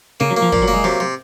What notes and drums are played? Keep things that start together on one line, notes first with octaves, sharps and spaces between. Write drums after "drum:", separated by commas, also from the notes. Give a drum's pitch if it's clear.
C#3 A#3
F#3
A#3
F3
A#2 F3, drum: kick
F#3
A#3
G#3
C3 F#3
C3